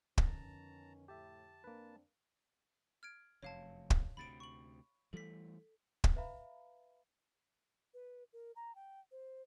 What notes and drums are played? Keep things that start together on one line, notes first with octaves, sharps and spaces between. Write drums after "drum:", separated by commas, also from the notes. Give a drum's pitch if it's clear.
F2 D3 D#3 B3 C#4 A5 A#5, drum: kick
A2 G4 E5 A5
A#3 C4 D4 B4
F6 G#6 D7
F1 F#2 C#5 F5 A5
drum: kick
D2 C3 B5 A6 D7
C#6 F#7
E3 G3 A3 A4 B6
drum: kick
B4 E5 F5 A#5 B5
B4
A#4
A#5
G5
C5